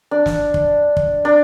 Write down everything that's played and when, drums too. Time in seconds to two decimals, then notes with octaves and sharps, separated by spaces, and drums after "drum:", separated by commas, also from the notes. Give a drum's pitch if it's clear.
0.11 D4
0.26 drum: snare
0.54 drum: kick
0.97 drum: kick
1.25 D4